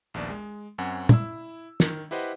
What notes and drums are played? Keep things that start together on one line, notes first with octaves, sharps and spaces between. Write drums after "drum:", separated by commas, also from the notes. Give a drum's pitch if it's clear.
A#1 D#2 B3 D5
G#3
F#2 C4 F#4 F#5 G#5
E4 E6, drum: tom
D#3, drum: snare
E4 G4 B4 C5 D#5 F#5